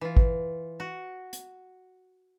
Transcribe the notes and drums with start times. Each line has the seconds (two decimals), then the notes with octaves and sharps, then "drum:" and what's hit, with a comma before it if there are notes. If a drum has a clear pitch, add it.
0.01 E3 F4
0.17 drum: kick
0.80 F#4
1.33 drum: hi-hat